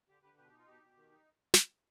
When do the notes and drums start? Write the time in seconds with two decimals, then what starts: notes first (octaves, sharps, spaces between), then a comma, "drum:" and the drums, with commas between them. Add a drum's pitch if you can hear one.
0.09 D3 G4
0.22 D3 G4 B4
0.37 B2 G4 B4
0.48 G4
0.52 D#4
0.58 F4
0.67 B2 G4
0.83 B2
0.97 D#3
1.11 D#4
1.54 drum: snare